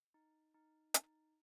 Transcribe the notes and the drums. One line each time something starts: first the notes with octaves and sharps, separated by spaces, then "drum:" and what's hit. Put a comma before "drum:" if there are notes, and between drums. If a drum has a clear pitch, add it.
D#4
D#4
D#4, drum: hi-hat